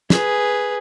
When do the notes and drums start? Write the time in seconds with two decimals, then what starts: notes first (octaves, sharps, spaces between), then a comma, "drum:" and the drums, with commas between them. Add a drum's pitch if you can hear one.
0.10 G#4 B4, drum: snare